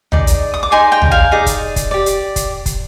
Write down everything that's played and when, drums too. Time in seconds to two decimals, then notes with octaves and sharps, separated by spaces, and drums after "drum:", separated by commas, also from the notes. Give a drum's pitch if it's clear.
0.12 D#4 G#4 D5, drum: tom
0.27 drum: hi-hat
0.54 D#6
0.63 D6
0.71 D#4 G#4 D5 G#5 C6
0.92 G5 A#5
1.02 drum: tom
1.11 F5 G#5
1.31 D#4 G#4 D5
1.46 drum: kick, hi-hat
1.76 drum: kick, hi-hat
1.91 G4 D5
2.06 drum: hi-hat
2.36 drum: kick, hi-hat
2.66 drum: kick, hi-hat